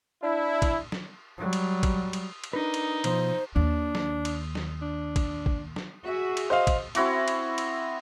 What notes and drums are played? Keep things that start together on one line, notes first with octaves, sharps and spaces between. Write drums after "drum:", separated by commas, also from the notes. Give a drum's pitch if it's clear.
D4 E4
drum: kick, cymbal
drum: snare
F#3 G3
drum: cymbal
drum: kick, cymbal
drum: cymbal
drum: cymbal
D4 D#4 A#4 B4
drum: cymbal
B2 F3 C5 C6, drum: cymbal
D#2 D4
drum: snare
drum: cymbal
drum: snare
D4
drum: kick, cymbal
drum: kick
drum: snare
F#4 G#4 E5
drum: cymbal
C5 D#5 F5
drum: kick, cymbal
C4 E4 F#4 D6, drum: cymbal
drum: cymbal
drum: cymbal